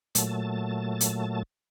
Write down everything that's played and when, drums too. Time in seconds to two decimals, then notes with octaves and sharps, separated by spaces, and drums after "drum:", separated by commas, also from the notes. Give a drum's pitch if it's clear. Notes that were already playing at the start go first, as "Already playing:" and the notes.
0.15 A#2 F#3 A3 A5, drum: hi-hat
1.01 drum: hi-hat